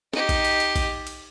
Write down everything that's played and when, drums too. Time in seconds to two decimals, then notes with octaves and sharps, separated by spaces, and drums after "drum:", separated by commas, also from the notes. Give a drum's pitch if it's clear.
0.13 D#4 G4, drum: snare
0.29 drum: kick A#1, cymbal
0.45 drum: cymbal
0.60 drum: cymbal
0.76 drum: kick A#1, cymbal
1.07 drum: cymbal